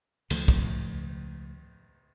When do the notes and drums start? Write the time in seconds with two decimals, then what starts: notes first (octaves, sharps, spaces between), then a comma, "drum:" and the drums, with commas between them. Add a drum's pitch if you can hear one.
0.30 C#2 D#3 F3 A3, drum: cymbal
0.48 drum: kick